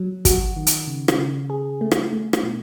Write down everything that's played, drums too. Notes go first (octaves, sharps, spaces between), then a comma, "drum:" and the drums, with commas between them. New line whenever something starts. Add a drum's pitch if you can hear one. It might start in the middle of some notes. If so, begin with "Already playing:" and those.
Already playing: F#3
F#4, drum: kick, hi-hat
D#3
drum: hi-hat
C#3
drum: rim click
C#3
G#4
A3
drum: rim click
A3
drum: rim click
B2